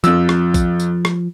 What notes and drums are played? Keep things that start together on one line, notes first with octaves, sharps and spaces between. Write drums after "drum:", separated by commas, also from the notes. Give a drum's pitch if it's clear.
F2 F3 E6, drum: tambourine
drum: rim click
drum: kick A#1, tambourine
drum: tambourine
drum: rim click